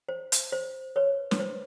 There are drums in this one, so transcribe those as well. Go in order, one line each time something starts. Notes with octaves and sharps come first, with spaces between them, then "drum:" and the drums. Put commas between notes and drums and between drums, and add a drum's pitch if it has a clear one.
C5
drum: hi-hat
C5
B4 C#5
B4, drum: snare
C5